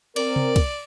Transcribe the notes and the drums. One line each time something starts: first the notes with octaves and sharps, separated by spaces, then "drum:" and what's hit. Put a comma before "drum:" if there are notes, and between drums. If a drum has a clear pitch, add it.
C4 A#4 D5, drum: cymbal
drum: tom C3
drum: kick, cymbal